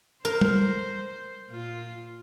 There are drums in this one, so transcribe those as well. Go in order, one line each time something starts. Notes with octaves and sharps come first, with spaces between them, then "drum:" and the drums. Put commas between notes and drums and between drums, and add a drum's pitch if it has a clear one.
A#4 C5
drum: tom
A#2 F4